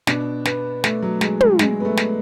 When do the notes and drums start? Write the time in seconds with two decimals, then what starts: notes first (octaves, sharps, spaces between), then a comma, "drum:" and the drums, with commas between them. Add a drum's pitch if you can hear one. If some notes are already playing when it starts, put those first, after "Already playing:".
0.07 B2 D4, drum: snare
0.45 B3, drum: snare
0.84 A3, drum: snare
1.02 F#3
1.21 G#3, drum: snare
1.40 G#3, drum: tom
1.59 G#3, drum: snare
1.80 B3
1.85 A3
1.97 drum: snare